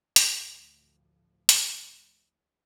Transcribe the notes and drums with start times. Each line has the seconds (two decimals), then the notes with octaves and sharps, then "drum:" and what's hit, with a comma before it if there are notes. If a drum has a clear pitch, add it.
0.16 A1 D2 A2 F3, drum: hi-hat
1.49 drum: hi-hat